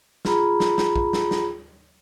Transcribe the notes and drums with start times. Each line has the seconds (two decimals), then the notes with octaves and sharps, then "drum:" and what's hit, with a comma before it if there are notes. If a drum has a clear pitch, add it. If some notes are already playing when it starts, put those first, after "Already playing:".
0.25 F4 G#4 A#5 B5, drum: snare
0.60 drum: snare
0.78 drum: snare
0.96 drum: kick
1.13 drum: snare
1.31 drum: snare